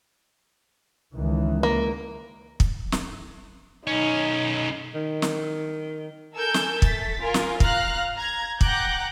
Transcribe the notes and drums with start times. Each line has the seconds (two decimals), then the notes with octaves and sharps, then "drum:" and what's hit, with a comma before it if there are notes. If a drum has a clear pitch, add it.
1.14 C#2 D#3 E3
1.63 A#3
2.60 drum: kick
2.92 drum: snare
3.87 B1 C#4 D#4
4.94 D#3
5.22 drum: snare
6.34 A4 A#4 G#5 E6 G6
6.54 drum: snare
6.82 A3 A6 B6, drum: kick
7.21 F4 A#4 G#5
7.34 drum: snare
7.60 F5 A#5 F6 F#6, drum: kick
8.17 A#5 G#6
8.61 F#5 G5 A#5 D6 F#6 G6, drum: kick